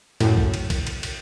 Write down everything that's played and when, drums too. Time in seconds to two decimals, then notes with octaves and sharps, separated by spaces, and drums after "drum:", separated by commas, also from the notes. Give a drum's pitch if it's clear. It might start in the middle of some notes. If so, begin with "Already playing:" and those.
0.20 F#2 A2, drum: cymbal
0.37 drum: kick
0.54 drum: cymbal
0.70 drum: kick, cymbal
0.87 drum: cymbal
1.03 drum: cymbal